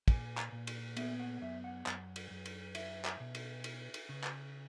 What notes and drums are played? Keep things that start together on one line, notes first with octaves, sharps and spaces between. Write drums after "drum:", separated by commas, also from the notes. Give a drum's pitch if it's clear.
A#2 G#5, drum: kick, cymbal
drum: clap
A#2
drum: cymbal
B3 E5, drum: cymbal
F#5
F#2 E5
F#5
F#2, drum: clap
drum: cymbal
F#2
drum: cymbal
E4 E5, drum: cymbal
drum: clap
B2
drum: cymbal
E4, drum: cymbal
drum: cymbal
C#3
drum: clap